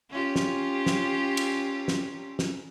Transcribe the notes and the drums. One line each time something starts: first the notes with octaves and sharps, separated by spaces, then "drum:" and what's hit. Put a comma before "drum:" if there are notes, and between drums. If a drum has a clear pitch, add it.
C#4 F4 G4
drum: snare
drum: snare
drum: cymbal
drum: snare
drum: snare